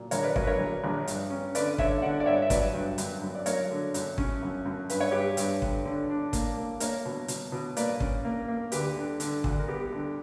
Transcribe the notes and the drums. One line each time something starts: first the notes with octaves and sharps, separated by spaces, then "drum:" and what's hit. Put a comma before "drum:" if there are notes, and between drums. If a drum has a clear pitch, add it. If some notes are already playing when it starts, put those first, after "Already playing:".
Already playing: A#2 F#3
A#1 A#4 C#5, drum: hi-hat
B4 D5
F#3 A#4 C#5, drum: kick
B4
A#4 C#5
A#1
A#1
G2, drum: hi-hat
C#4
D3 B4 D5, drum: hi-hat
D3 C#5 E5, drum: kick
D3 D5 F#5
D5
G2 C#5 E5
E5
F#3 B4 D5, drum: kick, hi-hat
G2
F#2, drum: hi-hat
F#2
D5
F#3 A#4 C#5, drum: hi-hat
D3
F#2, drum: hi-hat
C#4, drum: kick
F#2
F#2
G2 B4, drum: hi-hat
C#5
G2 G4 B4
G2, drum: hi-hat
D3, drum: kick
D3
D4
A#3, drum: kick, hi-hat
A#3
A#3 A#4 C#5, drum: hi-hat
B2
B2, drum: hi-hat
B2
A#3 B4 D5, drum: hi-hat
C#4, drum: kick
A#3
A#3
D2 G4 B4, drum: hi-hat
D3
D3, drum: hi-hat
D2, drum: kick
A#4
B3 G4
D3